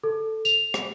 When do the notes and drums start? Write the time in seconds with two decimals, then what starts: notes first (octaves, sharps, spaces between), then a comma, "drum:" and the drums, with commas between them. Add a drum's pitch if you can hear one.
0.04 A4
0.45 F7, drum: tambourine
0.74 drum: rim click